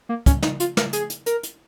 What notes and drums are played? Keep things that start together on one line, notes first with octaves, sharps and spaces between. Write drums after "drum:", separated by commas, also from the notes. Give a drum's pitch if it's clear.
A#3
C#4, drum: kick, hi-hat
D#4, drum: snare
F4, drum: hi-hat
A#4, drum: snare
G#4, drum: hi-hat
drum: hi-hat
A#4, drum: hi-hat
drum: hi-hat